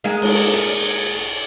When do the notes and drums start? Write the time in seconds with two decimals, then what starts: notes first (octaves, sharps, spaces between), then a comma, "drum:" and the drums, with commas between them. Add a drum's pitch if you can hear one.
0.04 G#3 A#3 G#4
0.22 drum: cymbal
0.53 drum: hi-hat